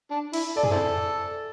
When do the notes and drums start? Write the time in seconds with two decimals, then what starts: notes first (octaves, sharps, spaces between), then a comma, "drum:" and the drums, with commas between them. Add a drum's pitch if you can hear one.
0.11 D4
0.33 E4, drum: cymbal
0.56 A4 D5
0.63 G#4, drum: tom
0.71 C4 E4 A4